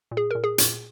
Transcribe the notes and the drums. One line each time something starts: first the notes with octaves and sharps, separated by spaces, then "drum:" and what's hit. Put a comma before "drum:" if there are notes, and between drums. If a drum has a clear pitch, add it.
A#2
G#4
A#2 A#4
G#4
A#2, drum: hi-hat